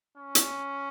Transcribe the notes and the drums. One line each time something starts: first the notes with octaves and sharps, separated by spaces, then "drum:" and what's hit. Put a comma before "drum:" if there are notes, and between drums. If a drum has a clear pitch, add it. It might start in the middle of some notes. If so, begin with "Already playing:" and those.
C#4
drum: hi-hat